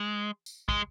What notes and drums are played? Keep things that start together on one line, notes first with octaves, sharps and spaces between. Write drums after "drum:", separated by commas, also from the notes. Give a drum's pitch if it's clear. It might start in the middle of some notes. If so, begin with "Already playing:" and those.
Already playing: G#3
drum: tambourine
G#3, drum: kick